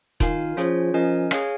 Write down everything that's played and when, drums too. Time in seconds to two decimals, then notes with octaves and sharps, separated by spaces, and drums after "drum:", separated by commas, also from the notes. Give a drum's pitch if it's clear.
0.20 D#3 F4 A#4 F5 G#5, drum: kick E1, hi-hat
0.57 F3 C#4 F4 G#4 C#5, drum: hi-hat
0.94 F3 C#4 A#4 D#5 G#5
1.31 G#4 C#5 F5 G#5, drum: rim click